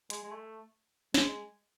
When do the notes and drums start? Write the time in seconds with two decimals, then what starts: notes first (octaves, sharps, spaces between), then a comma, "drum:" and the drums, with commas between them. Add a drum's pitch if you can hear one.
0.10 G#3, drum: hi-hat
0.24 G#3
0.31 A3
1.14 G#3, drum: snare